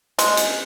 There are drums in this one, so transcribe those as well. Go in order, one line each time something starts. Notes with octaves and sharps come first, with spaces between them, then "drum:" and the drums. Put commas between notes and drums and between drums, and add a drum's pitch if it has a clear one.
G#3, drum: hi-hat
drum: hi-hat